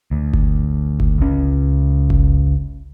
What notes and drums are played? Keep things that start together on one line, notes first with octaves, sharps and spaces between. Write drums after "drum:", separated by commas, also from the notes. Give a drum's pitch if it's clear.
D2
drum: kick G1
drum: kick G1
C#2 C#4
drum: kick G1